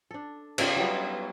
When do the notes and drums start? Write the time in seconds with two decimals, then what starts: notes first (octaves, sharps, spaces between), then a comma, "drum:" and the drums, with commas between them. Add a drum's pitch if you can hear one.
0.11 D4 A4
0.58 C#3 B3 F4 G4, drum: cymbal
0.76 F#3 G3 B3 F4